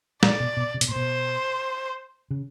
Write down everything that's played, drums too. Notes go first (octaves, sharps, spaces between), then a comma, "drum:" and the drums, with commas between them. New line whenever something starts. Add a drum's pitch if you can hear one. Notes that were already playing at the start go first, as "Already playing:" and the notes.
A#2 D5, drum: snare
B2
B2
C3
B2, drum: hi-hat
A#2
B2 C5
C#3